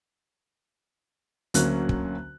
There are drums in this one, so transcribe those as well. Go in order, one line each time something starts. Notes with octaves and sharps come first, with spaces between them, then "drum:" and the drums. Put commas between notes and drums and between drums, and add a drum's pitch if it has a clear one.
D2 D3 F#3 A#3 C#4 F#6, drum: hi-hat
drum: kick